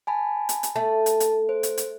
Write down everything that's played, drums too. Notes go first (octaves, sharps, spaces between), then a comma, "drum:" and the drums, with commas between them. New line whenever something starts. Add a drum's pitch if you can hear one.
G#5 A5 B5
drum: hi-hat
drum: hi-hat
A3 A5
drum: hi-hat
drum: hi-hat
C5
drum: hi-hat
drum: hi-hat